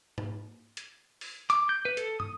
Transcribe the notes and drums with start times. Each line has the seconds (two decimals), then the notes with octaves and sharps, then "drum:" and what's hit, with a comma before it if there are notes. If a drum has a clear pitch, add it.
0.18 drum: tom G#2
0.77 drum: hi-hat
1.21 drum: open hi-hat
1.50 D6, drum: hi-hat
1.69 G6
1.85 B4
1.97 A4, drum: hi-hat
2.20 D#6, drum: tom